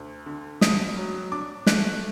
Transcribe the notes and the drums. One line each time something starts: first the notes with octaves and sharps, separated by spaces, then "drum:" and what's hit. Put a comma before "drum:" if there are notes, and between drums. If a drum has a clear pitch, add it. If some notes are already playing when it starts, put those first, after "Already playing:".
Already playing: D2
D3
G2 D#6, drum: snare
F#3
D4 D6
A3 F#6, drum: snare